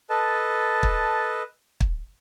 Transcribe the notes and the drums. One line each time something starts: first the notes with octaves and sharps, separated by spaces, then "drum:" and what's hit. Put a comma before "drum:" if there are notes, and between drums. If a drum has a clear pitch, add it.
A4 B4 D#5 A5
drum: kick
drum: kick